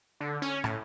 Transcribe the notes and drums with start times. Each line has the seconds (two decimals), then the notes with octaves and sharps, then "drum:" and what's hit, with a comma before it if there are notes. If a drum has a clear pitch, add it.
0.20 D3
0.42 C#4
0.64 A2, drum: rim click